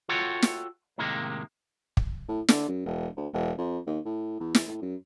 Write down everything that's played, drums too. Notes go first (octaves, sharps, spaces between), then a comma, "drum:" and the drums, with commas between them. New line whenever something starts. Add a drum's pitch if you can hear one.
F4 F#4 A4 C#5 F#5 G5
drum: snare
A2 C3 D#3 G#3 A#3
drum: kick
A2
D3, drum: snare
F#2
E1
D2
E1
F2
D#2
A2
E2
drum: snare
A2
F#2